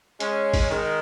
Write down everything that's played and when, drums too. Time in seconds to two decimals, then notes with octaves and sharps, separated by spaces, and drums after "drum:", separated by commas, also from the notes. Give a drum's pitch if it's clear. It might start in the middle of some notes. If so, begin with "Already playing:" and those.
0.20 G#3 C#4, drum: hi-hat
0.54 drum: kick, open hi-hat
0.70 D#3 G#3